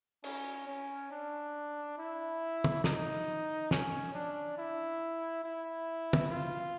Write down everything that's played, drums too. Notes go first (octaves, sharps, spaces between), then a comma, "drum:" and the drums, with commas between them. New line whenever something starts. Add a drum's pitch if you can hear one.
C#4, drum: cymbal
C#4
D4
E4
drum: tom
D#4, drum: snare
C#4, drum: snare
D4
E4
E4
drum: tom
F4